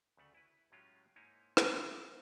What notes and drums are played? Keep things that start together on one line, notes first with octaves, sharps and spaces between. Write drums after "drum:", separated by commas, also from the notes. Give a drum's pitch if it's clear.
D2 C#3 A3 F#5
E4 B4
A2 F#3 G#3 C#4 F4 G4
G#2 A#3 D#4 E4 C#5
drum: rim click
G#3 A#3 C4 D#4 F4